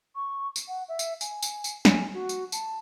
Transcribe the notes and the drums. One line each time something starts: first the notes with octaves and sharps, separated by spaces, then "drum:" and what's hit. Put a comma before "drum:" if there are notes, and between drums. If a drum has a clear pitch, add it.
C#6
drum: tambourine
F#5
E5
drum: tambourine
G#5, drum: tambourine
drum: tambourine
drum: tambourine
G#5, drum: snare
F#4
drum: tambourine
A5, drum: tambourine